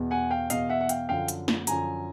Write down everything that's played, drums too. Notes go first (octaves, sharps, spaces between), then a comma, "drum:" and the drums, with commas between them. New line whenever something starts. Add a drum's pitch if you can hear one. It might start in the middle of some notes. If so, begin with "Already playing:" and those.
Already playing: E2 B2
F#5 G#5
F5 G5
E2 B2 D#5 F5, drum: hi-hat
E5 F#5
F#5
F5 G5, drum: hi-hat
F#2 D3 F3 F5 G5
drum: hi-hat
drum: snare
F#2 D3 F3 G#5 A#5, drum: hi-hat